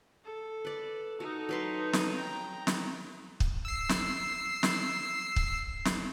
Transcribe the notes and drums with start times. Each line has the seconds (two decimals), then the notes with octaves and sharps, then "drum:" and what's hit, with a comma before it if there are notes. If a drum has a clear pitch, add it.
0.24 A4
0.65 B4 D5
1.20 D#4 F#4 A4
1.49 F#3 B4 C6
1.93 drum: snare
2.15 G5 A#5
2.67 drum: snare
3.40 drum: kick
3.65 E6 C7
3.89 drum: snare
4.63 drum: snare
5.36 drum: kick
5.85 drum: snare